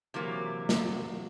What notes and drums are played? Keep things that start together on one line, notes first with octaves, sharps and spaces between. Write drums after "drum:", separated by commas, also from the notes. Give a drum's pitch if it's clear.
C3 E3 F#3 A#3
drum: snare